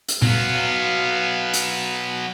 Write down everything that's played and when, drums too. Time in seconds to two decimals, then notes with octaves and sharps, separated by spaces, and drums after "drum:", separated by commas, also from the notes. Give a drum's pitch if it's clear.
0.08 drum: hi-hat
0.22 F#3 B3 F5, drum: tom A#2
1.54 drum: hi-hat